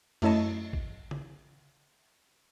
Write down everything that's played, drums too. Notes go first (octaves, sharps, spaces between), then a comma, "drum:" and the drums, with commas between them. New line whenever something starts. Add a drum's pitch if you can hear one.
F#2 A3 E4 C#5 D#5 A5, drum: cymbal
drum: kick
drum: tom